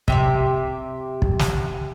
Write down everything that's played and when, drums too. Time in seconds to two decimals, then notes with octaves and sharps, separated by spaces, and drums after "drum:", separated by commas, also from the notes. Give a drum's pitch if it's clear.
0.08 C3 G4 E5, drum: kick
1.22 drum: kick
1.39 drum: snare